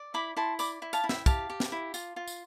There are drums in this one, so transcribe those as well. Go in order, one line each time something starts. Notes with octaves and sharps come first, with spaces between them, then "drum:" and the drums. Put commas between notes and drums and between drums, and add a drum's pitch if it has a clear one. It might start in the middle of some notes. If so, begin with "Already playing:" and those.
Already playing: D5
E4 B5 D6
E4 A5 C6
D5 B5 D6, drum: tambourine
E4
F5 A5, drum: tambourine
E4
E5 G5, drum: snare
G4 F5 A5, drum: kick, tambourine
G4
drum: snare
E4
F4, drum: tambourine
F4
drum: tambourine